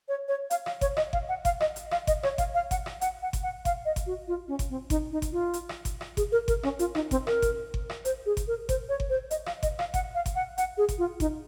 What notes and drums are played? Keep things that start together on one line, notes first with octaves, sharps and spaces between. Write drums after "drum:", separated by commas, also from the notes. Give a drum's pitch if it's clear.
C#5
C#5
F5, drum: hi-hat
F5, drum: rim click
C#5, drum: kick G1, hi-hat
D#5, drum: rim click
F5, drum: kick G1
F#5
F5, drum: kick G1, hi-hat
D#5, drum: rim click
drum: hi-hat
F5, drum: rim click
D#5, drum: kick G1, hi-hat
C#5, drum: rim click
F5, drum: kick G1, hi-hat
F5
F#5, drum: kick G1, hi-hat
drum: rim click
F#5, drum: hi-hat
F#5
drum: kick G1, hi-hat
F#5
F5, drum: kick G1, hi-hat
D#5
drum: kick G1, hi-hat
F#4
F4
C#4
drum: kick G1, hi-hat
C4
D#4, drum: kick G1, hi-hat
D#4
drum: kick G1, hi-hat
F4
drum: hi-hat
drum: rim click
drum: kick G1, hi-hat
drum: rim click
G#4, drum: kick G1, hi-hat
A#4
A#4, drum: kick G1, hi-hat
C#4, drum: rim click
F4, drum: hi-hat
D#4, drum: rim click
C4, drum: kick G1, hi-hat
A#4, drum: rim click
drum: kick G1, hi-hat
drum: kick G1
drum: rim click
C5, drum: hi-hat
G#4
drum: kick G1, hi-hat
A#4
C5, drum: kick G1, hi-hat
C#5
drum: kick G1
C5
D#5, drum: hi-hat
F5, drum: rim click
D#5, drum: kick G1, hi-hat
F5, drum: rim click
F#5, drum: kick G1, hi-hat
F5
drum: kick G1, hi-hat
F#5
F#5, drum: hi-hat
G#4
drum: kick G1, hi-hat
F4
D#4, drum: kick G1, hi-hat